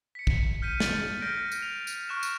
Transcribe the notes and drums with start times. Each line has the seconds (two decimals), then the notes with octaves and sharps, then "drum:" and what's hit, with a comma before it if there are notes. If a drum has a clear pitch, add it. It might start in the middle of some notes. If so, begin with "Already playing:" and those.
0.15 B6 C#7
0.27 drum: kick
0.62 F6 G6 B6 D#7
0.80 A6, drum: snare
1.21 F6 G6 A#6 D7
1.52 drum: tambourine
1.62 F7
1.87 drum: tambourine
2.09 C#6 F6 F#6 E7
2.23 drum: tambourine